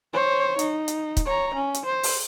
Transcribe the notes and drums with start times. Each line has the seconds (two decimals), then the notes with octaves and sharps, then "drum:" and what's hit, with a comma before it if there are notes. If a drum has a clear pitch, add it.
0.13 C5 C#5
0.59 D#4, drum: hi-hat
0.88 drum: hi-hat
1.17 drum: kick, hi-hat
1.26 C#5 A#5
1.54 C#4
1.74 drum: hi-hat
1.85 C5
2.03 drum: open hi-hat